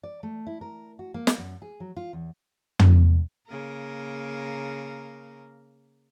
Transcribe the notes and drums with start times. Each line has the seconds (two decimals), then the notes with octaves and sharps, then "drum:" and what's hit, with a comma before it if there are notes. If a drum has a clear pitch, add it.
0.03 D5
0.23 A3
0.47 E4
0.61 A#4
0.99 F#4
1.14 A#3
1.27 drum: snare
1.38 F#2
1.62 G#4
1.80 F#3
1.96 F4
2.13 E2
2.79 drum: tom
3.49 C#3 A#3 A#4